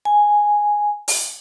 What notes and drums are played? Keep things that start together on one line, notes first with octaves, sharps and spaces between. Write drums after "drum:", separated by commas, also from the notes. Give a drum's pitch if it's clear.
G#5
drum: open hi-hat